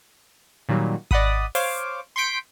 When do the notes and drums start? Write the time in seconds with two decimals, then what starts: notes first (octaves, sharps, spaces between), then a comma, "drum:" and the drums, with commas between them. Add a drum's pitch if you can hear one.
0.69 A#2 D#3 F#3 G3
1.11 D5 D#5 F#5 B5 D#6, drum: kick G#1
1.55 C5 C#5 F5 D6, drum: open hi-hat
2.16 C6 C#6 G6 B6 D7